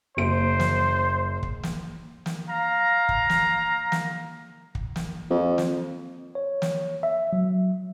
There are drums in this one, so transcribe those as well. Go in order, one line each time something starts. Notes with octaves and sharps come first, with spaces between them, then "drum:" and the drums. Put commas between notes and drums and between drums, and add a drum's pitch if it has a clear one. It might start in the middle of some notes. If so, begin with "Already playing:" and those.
F#1 C5 D7
drum: snare
drum: kick
drum: snare
drum: snare
F5 A#5
drum: kick
drum: snare
drum: snare
drum: kick
drum: snare
F2
drum: snare
C#5
drum: snare
E5
F#3